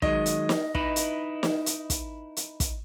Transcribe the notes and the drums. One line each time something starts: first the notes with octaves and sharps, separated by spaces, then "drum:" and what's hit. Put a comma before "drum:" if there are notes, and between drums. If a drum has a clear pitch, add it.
D#3 F#3 G#3 D#5, drum: kick
drum: hi-hat
drum: snare
D#4 E4 B4, drum: kick
drum: hi-hat
drum: snare
drum: hi-hat
drum: kick, hi-hat
drum: hi-hat
drum: kick, hi-hat